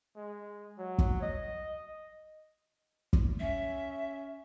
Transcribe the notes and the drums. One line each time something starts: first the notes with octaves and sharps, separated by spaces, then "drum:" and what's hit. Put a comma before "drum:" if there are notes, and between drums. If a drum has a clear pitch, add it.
G#3
F#3
drum: kick
D#5
drum: kick
C#4 E5